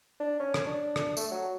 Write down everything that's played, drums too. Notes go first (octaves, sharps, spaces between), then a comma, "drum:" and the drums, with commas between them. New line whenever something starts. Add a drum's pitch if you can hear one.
D4
C#4
drum: rim click
D4
drum: rim click
A3, drum: tambourine
F#3